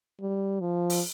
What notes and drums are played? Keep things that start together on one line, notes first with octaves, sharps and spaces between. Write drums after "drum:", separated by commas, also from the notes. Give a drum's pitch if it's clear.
G3
F3
drum: open hi-hat